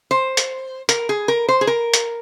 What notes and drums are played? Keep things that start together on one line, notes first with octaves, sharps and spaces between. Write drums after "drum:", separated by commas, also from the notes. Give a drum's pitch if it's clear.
C5
drum: hi-hat
A#4, drum: hi-hat
G#4
A#4
C5
G#4
A#4
drum: hi-hat